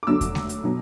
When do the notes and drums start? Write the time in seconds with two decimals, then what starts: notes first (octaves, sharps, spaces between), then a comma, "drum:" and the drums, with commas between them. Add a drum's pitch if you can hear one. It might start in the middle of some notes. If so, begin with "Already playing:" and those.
0.03 D6
0.07 D2 D3 F#3 A3 E6
0.21 drum: kick E2, hi-hat
0.35 drum: snare G#3
0.49 drum: hi-hat
0.64 B2 F#3